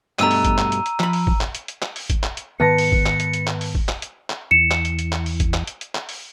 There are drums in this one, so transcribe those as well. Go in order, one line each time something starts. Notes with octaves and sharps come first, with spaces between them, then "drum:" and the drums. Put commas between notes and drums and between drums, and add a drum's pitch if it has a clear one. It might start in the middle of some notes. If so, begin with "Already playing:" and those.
G2 B2 A3 A#5 E6 D#7, drum: clap
drum: open hi-hat
drum: kick G#1, hi-hat
drum: clap
drum: hi-hat
drum: hi-hat
F3 B5, drum: clap
drum: open hi-hat
drum: kick G#1
drum: clap
drum: hi-hat
drum: hi-hat
drum: clap
drum: open hi-hat
drum: kick G#1, hi-hat
drum: clap
drum: hi-hat
G#2 D#3 B3 B4 A5 A#6 C#7
drum: open hi-hat
drum: kick G#1
drum: clap
drum: hi-hat
drum: hi-hat
drum: clap
drum: open hi-hat
drum: kick G#1
drum: clap
drum: hi-hat
drum: clap
E2 C#7 E7
drum: clap
drum: hi-hat
drum: hi-hat
drum: clap
drum: open hi-hat
drum: kick G#1, hi-hat
drum: clap
drum: hi-hat
drum: hi-hat
drum: clap
drum: open hi-hat